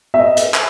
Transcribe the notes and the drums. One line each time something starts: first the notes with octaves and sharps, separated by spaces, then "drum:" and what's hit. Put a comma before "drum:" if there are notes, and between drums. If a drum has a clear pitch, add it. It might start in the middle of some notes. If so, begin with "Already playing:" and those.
E5
D#5
drum: hi-hat
drum: clap